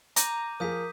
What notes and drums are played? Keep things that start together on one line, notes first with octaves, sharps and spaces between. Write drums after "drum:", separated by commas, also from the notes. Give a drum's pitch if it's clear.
A#5 D6 G6 D#7, drum: hi-hat
F3 G#4 A#4 D#6 G6 B6